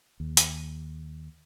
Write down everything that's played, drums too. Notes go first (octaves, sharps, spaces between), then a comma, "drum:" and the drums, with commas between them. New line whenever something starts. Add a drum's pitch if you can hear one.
D#2
drum: hi-hat